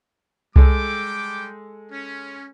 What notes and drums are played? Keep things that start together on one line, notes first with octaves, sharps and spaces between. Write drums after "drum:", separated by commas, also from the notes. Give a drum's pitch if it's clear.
G3 G#3 A4 G5 D6, drum: kick C2
C#4